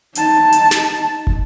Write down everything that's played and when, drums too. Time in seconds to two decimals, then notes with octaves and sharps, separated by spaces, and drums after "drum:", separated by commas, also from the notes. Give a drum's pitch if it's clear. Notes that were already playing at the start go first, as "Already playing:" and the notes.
0.15 D#4 A5, drum: hi-hat
0.52 drum: hi-hat
0.71 drum: snare
1.27 drum: kick